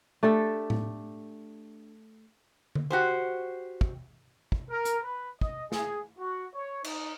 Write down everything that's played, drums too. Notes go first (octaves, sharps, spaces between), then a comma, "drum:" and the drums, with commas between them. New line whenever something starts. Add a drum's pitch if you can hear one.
A3 D4 G4 A4
drum: tom A2
drum: tom D3
F#4 G4 C5
drum: kick
drum: kick
A#4
drum: hi-hat
B4
D#5, drum: kick
G#4, drum: snare
F#4
C#5
D#4, drum: cymbal